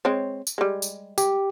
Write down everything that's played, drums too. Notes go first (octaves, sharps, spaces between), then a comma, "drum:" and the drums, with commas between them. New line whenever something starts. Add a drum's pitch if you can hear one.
G#3 C4 C#5
drum: tambourine
G3 G#3
drum: tambourine
G4, drum: tambourine